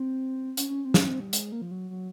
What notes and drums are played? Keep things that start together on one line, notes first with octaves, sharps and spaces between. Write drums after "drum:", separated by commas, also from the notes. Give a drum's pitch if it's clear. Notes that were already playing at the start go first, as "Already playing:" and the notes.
Already playing: C4
C#4, drum: hi-hat
C#4
C4
C#4, drum: snare
C4
G3
G#3, drum: hi-hat
A#3
F3
F#3
F#3